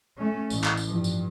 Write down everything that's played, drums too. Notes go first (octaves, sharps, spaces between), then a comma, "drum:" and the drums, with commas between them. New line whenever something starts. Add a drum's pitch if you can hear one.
A3 C#4
A1, drum: tambourine
drum: clap
drum: tambourine
G2 F3
drum: tambourine